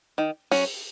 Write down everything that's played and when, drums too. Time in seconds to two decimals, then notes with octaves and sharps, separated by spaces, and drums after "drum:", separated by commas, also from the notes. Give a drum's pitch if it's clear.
0.18 D#3
0.51 F#3 C#4, drum: open hi-hat